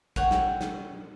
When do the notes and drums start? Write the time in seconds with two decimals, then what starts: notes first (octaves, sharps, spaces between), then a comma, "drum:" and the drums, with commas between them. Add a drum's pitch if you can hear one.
0.16 C#5 F#5 G5, drum: kick
0.31 drum: snare
0.61 drum: snare